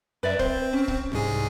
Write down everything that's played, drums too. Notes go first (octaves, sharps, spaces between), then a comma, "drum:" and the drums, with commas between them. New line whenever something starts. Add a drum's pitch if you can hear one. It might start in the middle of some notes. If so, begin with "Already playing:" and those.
F#2 B4 D5 E5
C4 C5, drum: kick
C#4
drum: kick
C2 G#2 G#4